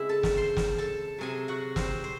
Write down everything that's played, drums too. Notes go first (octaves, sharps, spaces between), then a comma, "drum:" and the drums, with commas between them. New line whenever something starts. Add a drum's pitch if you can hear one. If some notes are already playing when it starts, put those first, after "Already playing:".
Already playing: C#3 G#3 C4 E4 E5
A4 A5
drum: snare
C5 C6
drum: snare
A4 A5
C3 F#3 C4 G#4 G#5
F#4 F#5
C4 C5, drum: snare
C5